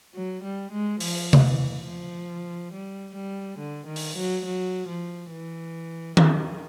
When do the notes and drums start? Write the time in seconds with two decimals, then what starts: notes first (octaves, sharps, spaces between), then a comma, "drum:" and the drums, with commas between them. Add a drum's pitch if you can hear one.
0.15 F#3
0.44 G3
0.72 G#3
1.00 F3, drum: open hi-hat
1.33 drum: tom C3
1.44 E3
1.86 F3
2.73 G3
3.15 G3
3.59 D3
3.87 D#3
3.96 drum: open hi-hat
4.17 F#3
4.45 F#3
4.88 F3
5.31 E3
6.17 D#3, drum: tom D#3